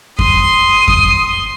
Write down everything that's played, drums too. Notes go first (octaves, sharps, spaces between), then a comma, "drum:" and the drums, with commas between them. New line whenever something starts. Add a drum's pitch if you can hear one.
C6 D#6, drum: kick F2
drum: kick F2